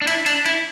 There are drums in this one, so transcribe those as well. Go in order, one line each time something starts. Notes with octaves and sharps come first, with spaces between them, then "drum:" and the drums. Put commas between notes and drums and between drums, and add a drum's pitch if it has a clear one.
D4
E4, drum: cymbal
D4, drum: cymbal
E4, drum: cymbal